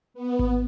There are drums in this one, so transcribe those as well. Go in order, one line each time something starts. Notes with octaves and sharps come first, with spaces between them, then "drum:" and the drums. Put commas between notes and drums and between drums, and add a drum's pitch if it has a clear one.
B3
drum: kick G#1